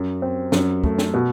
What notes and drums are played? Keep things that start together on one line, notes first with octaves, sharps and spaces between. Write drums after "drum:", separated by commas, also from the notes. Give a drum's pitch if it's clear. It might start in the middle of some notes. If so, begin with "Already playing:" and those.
Already playing: F#2
C4
F#2, drum: snare
A3, drum: kick
drum: snare
B2